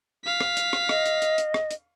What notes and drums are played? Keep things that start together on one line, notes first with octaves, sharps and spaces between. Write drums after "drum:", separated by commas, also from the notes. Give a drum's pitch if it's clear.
F5 B6
drum: rim click
drum: hi-hat
drum: rim click
D#5, drum: rim click
drum: hi-hat
drum: hi-hat
drum: hi-hat
drum: rim click
drum: hi-hat